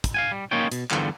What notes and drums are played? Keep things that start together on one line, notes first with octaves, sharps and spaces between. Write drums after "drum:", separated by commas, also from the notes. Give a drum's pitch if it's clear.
drum: kick, hi-hat
F5 F#5 G#5
G3
A#3 C#4 D#4 F4 C#5 G5
B2, drum: hi-hat
E2 G2 D3 F3 G3, drum: clap